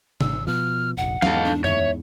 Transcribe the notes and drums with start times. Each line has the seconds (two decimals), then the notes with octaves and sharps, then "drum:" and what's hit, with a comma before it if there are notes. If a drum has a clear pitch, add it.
0.21 G#1 E6, drum: tom
0.47 B2 F3 F6
0.97 F1 A#1 F#5
1.22 E2 G#2 A4 F5, drum: snare
1.45 D4
1.64 C#5 E5, drum: tom